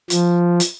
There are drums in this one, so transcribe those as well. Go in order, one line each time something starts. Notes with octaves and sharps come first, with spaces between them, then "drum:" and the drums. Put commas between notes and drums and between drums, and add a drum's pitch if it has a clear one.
F3, drum: hi-hat
drum: hi-hat